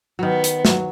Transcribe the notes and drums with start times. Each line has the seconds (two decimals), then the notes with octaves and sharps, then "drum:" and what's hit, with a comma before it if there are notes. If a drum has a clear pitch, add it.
0.19 D#3 F#3 B3
0.44 drum: hi-hat
0.65 F#3, drum: snare